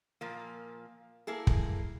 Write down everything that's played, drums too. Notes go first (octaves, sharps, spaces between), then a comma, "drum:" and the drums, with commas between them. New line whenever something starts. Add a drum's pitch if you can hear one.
A#2 F3 A#3
A#3 E4 G#4 A4
drum: kick